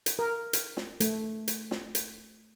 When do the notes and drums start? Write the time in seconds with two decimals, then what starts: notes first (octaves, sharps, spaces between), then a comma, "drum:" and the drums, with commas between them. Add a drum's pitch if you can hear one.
0.06 drum: hi-hat
0.19 A#4
0.53 drum: hi-hat
0.77 drum: snare
1.00 A3, drum: hi-hat
1.48 drum: hi-hat
1.71 drum: snare
1.95 drum: hi-hat